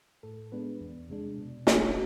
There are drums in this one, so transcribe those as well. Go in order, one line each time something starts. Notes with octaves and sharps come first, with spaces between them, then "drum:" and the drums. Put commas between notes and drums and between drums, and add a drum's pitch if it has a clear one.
A2 A4
G#3 B3 D4 B4
E2
C3 G#3 D4
B2
G#3 D4 F4, drum: snare